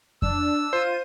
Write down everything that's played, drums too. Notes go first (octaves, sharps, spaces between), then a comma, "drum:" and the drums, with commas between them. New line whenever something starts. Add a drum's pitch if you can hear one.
D4 E6, drum: kick F2
F4 C5 D#7